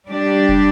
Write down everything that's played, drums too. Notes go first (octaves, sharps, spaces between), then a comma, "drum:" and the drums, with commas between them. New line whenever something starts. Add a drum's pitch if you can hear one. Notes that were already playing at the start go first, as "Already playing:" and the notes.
G3 D4 G4 D5
drum: kick